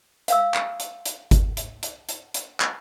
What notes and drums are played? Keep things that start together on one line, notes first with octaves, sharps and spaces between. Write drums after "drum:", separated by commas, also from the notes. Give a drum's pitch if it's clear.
E5 F5 E6, drum: hi-hat
drum: clap
drum: hi-hat
drum: hi-hat
drum: kick G1, hi-hat
drum: hi-hat
drum: hi-hat
drum: hi-hat
drum: hi-hat
drum: clap